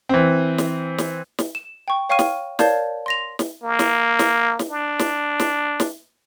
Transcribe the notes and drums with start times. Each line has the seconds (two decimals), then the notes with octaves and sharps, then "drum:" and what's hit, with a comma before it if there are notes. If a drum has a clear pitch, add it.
0.09 E3 C4
0.58 drum: snare
0.98 drum: snare
1.39 drum: snare
1.55 E7
1.88 G5 C#6
2.09 C#5 F5 G5 C#6 F6 D#7
2.19 drum: snare
2.59 A#4 C#5 D5 F5 A5 G6, drum: snare
3.06 C6 A#6 F7
3.39 drum: snare
3.63 A#3
3.79 drum: snare
4.19 drum: snare
4.59 drum: snare
4.69 D4
4.99 drum: snare
5.40 drum: snare
5.80 drum: snare